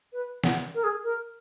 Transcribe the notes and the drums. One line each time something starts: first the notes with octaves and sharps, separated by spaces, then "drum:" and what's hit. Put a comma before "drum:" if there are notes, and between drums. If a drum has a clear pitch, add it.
B4
F#5, drum: snare
A#4
G#4
A#4